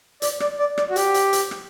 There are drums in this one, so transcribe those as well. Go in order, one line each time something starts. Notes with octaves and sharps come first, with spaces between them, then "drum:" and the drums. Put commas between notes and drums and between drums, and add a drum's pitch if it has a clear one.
D5, drum: hi-hat
D5, drum: rim click
D5
D5, drum: rim click
F#4
G4, drum: hi-hat
drum: hi-hat
drum: hi-hat
drum: rim click